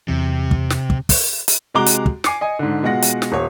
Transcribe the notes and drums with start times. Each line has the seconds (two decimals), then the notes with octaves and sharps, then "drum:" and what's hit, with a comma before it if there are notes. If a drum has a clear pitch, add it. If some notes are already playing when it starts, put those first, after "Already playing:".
0.08 E2 C3 E3 F#3
0.51 drum: kick
0.70 drum: snare
0.90 drum: kick
1.09 drum: kick, open hi-hat
1.48 drum: hi-hat
1.74 C3 G#3 F#4 A#5 D6 G7
1.86 drum: hi-hat
2.06 drum: kick
2.24 G#5 D6 C7 C#7, drum: snare
2.41 D#5 G#5
2.59 G#2 D3
2.83 B2 G#3 F4 F#5 A#6
3.02 drum: hi-hat
3.22 drum: snare
3.32 D#1 C#5